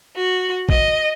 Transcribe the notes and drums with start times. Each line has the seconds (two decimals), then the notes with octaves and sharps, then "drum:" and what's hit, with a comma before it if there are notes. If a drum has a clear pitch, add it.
0.15 F#4
0.69 D#5, drum: kick